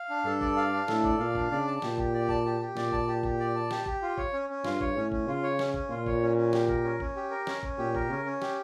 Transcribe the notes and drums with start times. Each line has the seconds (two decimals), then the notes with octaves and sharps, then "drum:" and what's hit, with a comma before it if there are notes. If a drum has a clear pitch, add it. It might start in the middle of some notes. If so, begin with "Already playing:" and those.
Already playing: F5
0.10 D4
0.25 G2 A4
0.41 D5, drum: kick G1
0.56 F5
0.73 D4
0.88 A2 A4, drum: snare
1.04 D5, drum: kick G1
1.19 A#2 F5
1.35 D4, drum: kick G1
1.51 C#3 D5
1.67 A5
1.82 A#2 G4, drum: snare
1.98 G4, drum: kick G1
2.14 D5
2.29 A5, drum: kick G1
2.45 G4
2.61 G4
2.77 A#2 D5, drum: snare
2.92 A5, drum: kick G1
3.08 G4
3.23 G4, drum: kick G1
3.39 D5
3.55 A5
3.71 G4, drum: snare
3.86 G4, drum: kick G1
4.02 F4
4.18 C#5, drum: kick G1
4.33 C#4
4.50 C#4
4.64 G2 F4, drum: snare
4.81 C#5, drum: kick G1
4.96 A2 C#4
5.12 C#4, drum: kick G1
5.28 C#3 F4
5.43 C#5
5.59 C#4, drum: snare
5.74 C#4, drum: kick G1
5.90 A#2 F4
6.06 C#5, drum: kick G1
6.22 C#4
6.37 C#4
6.53 G4, drum: snare
6.68 A#4, drum: kick G1
6.84 C#4
7.00 C#4, drum: kick G1
7.16 G4
7.31 A#4
7.47 C#4, drum: snare
7.63 C#4, drum: kick G1
7.78 A#2 G4
7.95 A#4, drum: kick G1
8.10 C#3 C#4
8.25 C#4
8.42 G4, drum: snare